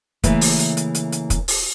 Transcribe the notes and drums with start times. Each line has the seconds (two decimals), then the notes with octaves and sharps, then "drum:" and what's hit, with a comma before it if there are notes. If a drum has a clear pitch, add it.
0.24 C#3 E3 A3 A#3 B4, drum: kick, hi-hat
0.41 drum: open hi-hat
0.59 drum: hi-hat
0.77 drum: hi-hat
0.95 drum: hi-hat
1.12 drum: hi-hat
1.30 drum: kick, hi-hat
1.48 drum: open hi-hat